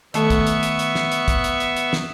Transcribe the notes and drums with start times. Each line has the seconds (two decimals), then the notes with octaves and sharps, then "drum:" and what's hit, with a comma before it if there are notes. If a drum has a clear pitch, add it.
0.14 D#3 A3 B3 A4 E5 C#6, drum: hi-hat
0.30 drum: kick, hi-hat
0.47 drum: hi-hat
0.63 drum: hi-hat
0.79 drum: hi-hat
0.95 drum: snare
1.12 drum: hi-hat
1.28 drum: kick, hi-hat
1.44 drum: hi-hat
1.60 drum: hi-hat
1.77 drum: hi-hat
1.93 drum: snare